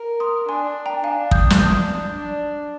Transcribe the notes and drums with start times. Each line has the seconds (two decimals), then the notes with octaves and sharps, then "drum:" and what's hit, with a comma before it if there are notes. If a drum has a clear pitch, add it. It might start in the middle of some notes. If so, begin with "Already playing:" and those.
Already playing: A#4
0.20 C6 D#6
0.49 D4 G#5 C6
0.86 G5 A#5
1.04 D4 F5 G#5
1.31 D#6 G6, drum: kick
1.50 drum: snare
1.60 D#6 G6
2.15 D4